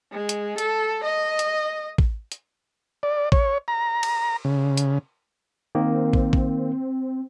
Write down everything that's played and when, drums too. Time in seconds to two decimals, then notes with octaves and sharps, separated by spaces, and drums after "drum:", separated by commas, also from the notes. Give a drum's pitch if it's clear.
0.12 G#3
0.29 drum: hi-hat
0.58 A4, drum: hi-hat
1.04 D#5
1.39 drum: hi-hat
1.98 drum: kick
2.32 drum: hi-hat
3.03 D5
3.32 C#5, drum: kick
3.68 A#5
4.03 drum: cymbal
4.45 C#3
4.77 drum: hi-hat
5.75 D#3 A#3 C4
6.13 drum: kick
6.33 drum: kick